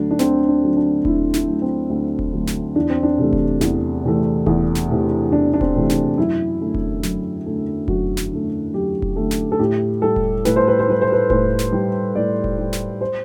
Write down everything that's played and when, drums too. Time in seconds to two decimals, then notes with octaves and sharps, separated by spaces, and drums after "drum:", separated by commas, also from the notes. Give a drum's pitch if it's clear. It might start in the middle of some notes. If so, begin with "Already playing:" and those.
Already playing: D2 D3 F#3 A3 D4
0.11 D4
0.19 D2 C4, drum: snare
0.48 D4
0.62 D3 F#3 A3
0.76 D4
1.05 D2 E4, drum: kick E1
1.34 E4, drum: snare
1.47 D3 F#3 A3
1.62 C4
1.90 D2
2.19 drum: kick E1
2.32 D3 F#3 A3
2.47 drum: snare
2.76 E2 D4
2.90 C4
3.03 D4
3.18 C3 E3 A3
3.33 drum: kick E1
3.61 E2, drum: snare
4.04 C3 E3 A3
4.46 E2, drum: kick E1
4.75 drum: snare
4.89 C3 E3 A3
5.31 E2 D4
5.54 D4
5.61 C4, drum: kick E1
5.75 C3 E3 A3
5.90 D4, drum: snare
6.18 F#2 E4
6.61 D3 A3
6.74 drum: kick E1
7.03 F#2, drum: snare
7.46 D3 A3
7.88 F#2 F#4, drum: kick E1
8.17 drum: snare
8.31 D3 A3
8.74 F#2 G4
9.02 drum: kick E1
9.16 D3 A3
9.31 drum: snare
9.52 A4
9.59 A2 G4
10.02 G3 A4
10.16 drum: kick E1
10.45 A2 B4, drum: snare
10.56 C5
10.67 B4
10.79 C5
10.88 G3 B4
11.01 C5
11.12 B4
11.30 A2 C5, drum: kick E1
11.59 drum: snare
11.72 G3
12.15 A2 D5
12.44 drum: kick E1
12.59 G3
12.73 drum: snare
13.01 C5